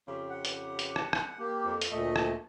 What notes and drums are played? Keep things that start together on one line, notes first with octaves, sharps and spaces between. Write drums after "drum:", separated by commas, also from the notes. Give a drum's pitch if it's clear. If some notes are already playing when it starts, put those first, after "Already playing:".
F2 C#3 G4
F#5
drum: hi-hat
drum: hi-hat
drum: rim click
drum: rim click
A#3 G4
F2
drum: hi-hat
D2 A#2 A3 D#5
drum: rim click